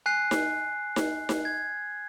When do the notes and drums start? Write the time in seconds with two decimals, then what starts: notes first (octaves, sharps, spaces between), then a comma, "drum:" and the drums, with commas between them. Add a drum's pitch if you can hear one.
0.06 G#5 F#6 C7
0.31 drum: snare D#4
0.96 drum: snare D#4
1.29 drum: snare D#4
1.45 G#6